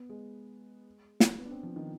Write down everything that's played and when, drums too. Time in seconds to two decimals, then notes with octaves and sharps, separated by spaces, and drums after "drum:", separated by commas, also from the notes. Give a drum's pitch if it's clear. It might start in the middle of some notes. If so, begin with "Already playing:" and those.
Already playing: B3
0.09 G#3
1.20 drum: snare
1.38 B3
1.45 D4
1.51 C4
1.63 F3
1.76 D#3